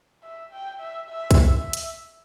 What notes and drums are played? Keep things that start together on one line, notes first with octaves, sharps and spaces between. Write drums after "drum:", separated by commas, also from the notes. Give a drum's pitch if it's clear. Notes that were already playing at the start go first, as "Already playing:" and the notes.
E5
G5
E5
E5
drum: kick B1, hi-hat
E5
drum: hi-hat